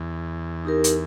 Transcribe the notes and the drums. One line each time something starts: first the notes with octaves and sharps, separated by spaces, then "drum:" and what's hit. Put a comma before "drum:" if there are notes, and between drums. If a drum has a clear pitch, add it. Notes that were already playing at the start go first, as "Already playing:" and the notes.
Already playing: E2
D#4 G4 A#4
drum: hi-hat